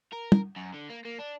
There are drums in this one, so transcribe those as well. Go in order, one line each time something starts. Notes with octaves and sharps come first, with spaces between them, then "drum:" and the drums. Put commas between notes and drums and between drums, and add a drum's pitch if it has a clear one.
A#4
drum: tom
F#2
D3
A#3
A#3
D4